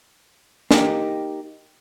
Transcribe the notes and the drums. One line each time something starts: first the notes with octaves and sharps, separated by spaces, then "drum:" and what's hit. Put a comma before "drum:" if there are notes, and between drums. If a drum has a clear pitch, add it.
A#3 D#4 G4, drum: snare